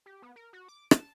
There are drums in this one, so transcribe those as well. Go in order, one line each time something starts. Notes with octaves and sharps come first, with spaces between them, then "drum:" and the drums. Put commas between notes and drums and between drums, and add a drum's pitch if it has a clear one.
G4
B3
A#4
F#4
D6
A5, drum: rim click